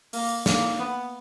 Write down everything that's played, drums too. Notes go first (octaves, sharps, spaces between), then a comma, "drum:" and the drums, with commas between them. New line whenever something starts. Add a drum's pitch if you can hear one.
A#3, drum: open hi-hat
A#3, drum: snare
B3